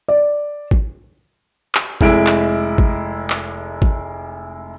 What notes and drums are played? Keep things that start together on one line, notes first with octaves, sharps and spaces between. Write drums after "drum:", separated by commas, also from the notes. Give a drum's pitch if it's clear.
D5
drum: kick
drum: clap
F1 G#3 E4 D7, drum: kick
drum: clap
drum: kick
drum: clap
drum: kick